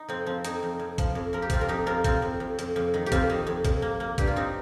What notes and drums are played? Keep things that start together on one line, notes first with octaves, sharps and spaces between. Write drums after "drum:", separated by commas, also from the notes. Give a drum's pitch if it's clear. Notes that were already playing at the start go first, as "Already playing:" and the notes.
Already playing: D#4
F2 C4
F3 C4
F2 D#4, drum: hi-hat
F2
F2
F3, drum: kick, hi-hat
F2
F3 A#4
G4
F2 C4 F4, drum: kick, hi-hat
A#4
F2 D#4 G4
F2 F4 A#4
F2 C4 F4, drum: kick, hi-hat
F2
F2
F2, drum: hi-hat
F2
D#3
G4
F2 C4 F4, drum: kick, hi-hat
D#3
F2
F2, drum: kick, hi-hat
A#3
A#3
G2 G4, drum: kick, hi-hat
F4
C4 D#4